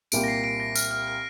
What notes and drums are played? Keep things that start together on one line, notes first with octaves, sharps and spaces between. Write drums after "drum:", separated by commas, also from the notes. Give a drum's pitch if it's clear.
C2 A#2 A#3 G4 D7, drum: tambourine
A#6
C7
D7
A#6
F6, drum: tambourine
F6
F6